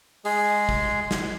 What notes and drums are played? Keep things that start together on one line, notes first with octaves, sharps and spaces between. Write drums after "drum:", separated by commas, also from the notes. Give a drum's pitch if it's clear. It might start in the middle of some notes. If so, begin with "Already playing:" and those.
G#3 G#4, drum: open hi-hat
drum: kick
drum: snare